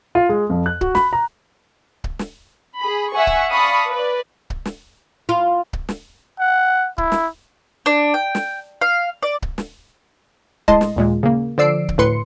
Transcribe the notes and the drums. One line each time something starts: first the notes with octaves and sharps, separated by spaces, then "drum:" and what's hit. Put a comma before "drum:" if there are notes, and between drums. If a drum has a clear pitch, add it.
F4
G#3
F2
F#6
F#4, drum: kick C#1
B5, drum: snare
A#5
drum: kick C#1
drum: snare
G#4 B5
E5 F#5 G#5 C#6
drum: kick C#1
D5 F5 A5 B5 C#6 D#6
B4 D5
drum: kick C#1
drum: snare
F4
drum: kick C#1
drum: snare
F#5
E4, drum: kick C#1
drum: snare
D4
G5
drum: snare
F5
D5
drum: kick C#1
drum: snare
A2 G#3 D#5 A5 C6, drum: kick C#1
drum: snare
D#2 A#2 G#3
C#3 A#3
D3 F3 D5 E6 C7 D7
drum: kick C#1
D2 A2 B4 C6 C#7